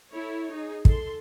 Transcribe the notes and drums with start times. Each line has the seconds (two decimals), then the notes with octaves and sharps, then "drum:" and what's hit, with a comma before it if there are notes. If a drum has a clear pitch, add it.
0.11 E4 A4 C#5
0.53 D#4 G#4
0.85 A4 C6, drum: kick